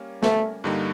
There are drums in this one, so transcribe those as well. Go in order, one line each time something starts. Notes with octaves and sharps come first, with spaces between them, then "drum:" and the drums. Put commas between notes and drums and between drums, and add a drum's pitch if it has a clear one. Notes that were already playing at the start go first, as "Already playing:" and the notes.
Already playing: G3 A#3 C#4
A3, drum: snare
G2 D3 G3 A#3 D#4